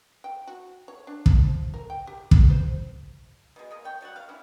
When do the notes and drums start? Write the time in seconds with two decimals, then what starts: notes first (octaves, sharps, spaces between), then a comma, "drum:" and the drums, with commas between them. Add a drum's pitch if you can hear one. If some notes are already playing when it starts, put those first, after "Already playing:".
0.24 G5
0.47 F#4
0.88 C#5
1.07 D4
1.26 F3, drum: kick
1.74 A#4
1.90 G5
2.07 G4
2.31 drum: kick
2.50 C5
3.56 B2 G#3
3.71 A#3 D#5
3.84 C#5 G5
4.01 F#3 G3 C#5 F#5
4.16 F5
4.29 D3 C#4 E4